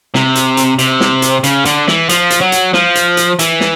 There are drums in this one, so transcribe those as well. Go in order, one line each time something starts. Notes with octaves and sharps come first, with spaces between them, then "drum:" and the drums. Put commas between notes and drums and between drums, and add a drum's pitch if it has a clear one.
C3, drum: snare
drum: hi-hat
drum: hi-hat
C3, drum: hi-hat
drum: snare
drum: hi-hat
C#3, drum: hi-hat
D3, drum: hi-hat
E3, drum: snare
F3, drum: hi-hat
drum: hi-hat
F#3
drum: hi-hat
F3, drum: snare
drum: hi-hat
drum: hi-hat
E3, drum: hi-hat
drum: snare